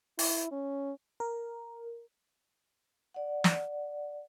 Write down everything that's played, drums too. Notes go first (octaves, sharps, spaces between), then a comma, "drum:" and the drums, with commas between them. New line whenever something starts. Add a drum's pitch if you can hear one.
E4, drum: open hi-hat
C#4
A#4
D5 F#5
drum: snare